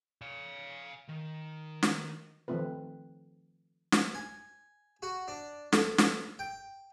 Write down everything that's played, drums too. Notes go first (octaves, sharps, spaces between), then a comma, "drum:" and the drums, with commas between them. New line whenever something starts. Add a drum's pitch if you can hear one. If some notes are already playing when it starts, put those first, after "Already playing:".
F5 G#5
D#3
drum: snare
D#3 F3 A3 C4 F4 B4
drum: snare
G#5
F#4
D4
A4, drum: snare
drum: snare
G5